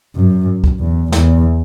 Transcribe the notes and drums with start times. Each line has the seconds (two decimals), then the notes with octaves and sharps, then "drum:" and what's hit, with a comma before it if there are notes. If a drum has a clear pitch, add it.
0.16 F#2
0.64 drum: kick
0.80 E2
1.12 E2, drum: snare